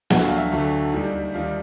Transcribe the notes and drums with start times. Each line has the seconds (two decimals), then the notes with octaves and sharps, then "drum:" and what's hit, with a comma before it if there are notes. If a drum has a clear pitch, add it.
0.10 D2 D3 F#3 A3 F#5, drum: snare
0.24 F5
0.37 E5
0.52 D2 D3 F#3 A3
0.93 D#2 D#3 G3
1.34 D#2 D#3 G3 F5